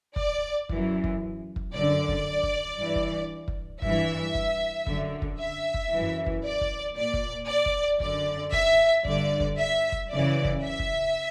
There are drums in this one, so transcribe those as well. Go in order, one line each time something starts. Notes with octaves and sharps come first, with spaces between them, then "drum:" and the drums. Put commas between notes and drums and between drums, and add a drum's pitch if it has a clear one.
D5, drum: kick
F#2 E3, drum: kick
drum: kick
drum: kick
F#2 D3 D5
drum: kick
drum: kick
G2 E3
drum: kick
drum: kick
G2 E3 E5, drum: kick
drum: kick
F#2 D3, drum: kick
drum: kick
E5
drum: kick
F#2 E3
drum: kick
D5
drum: kick
A#2 D5
drum: kick
D5
drum: kick
F#2 D3 D5, drum: kick
E5, drum: kick
G2 D3 D5, drum: kick
drum: kick
E5
drum: kick
F#2 C#3 E3 D5
drum: kick
E5
drum: kick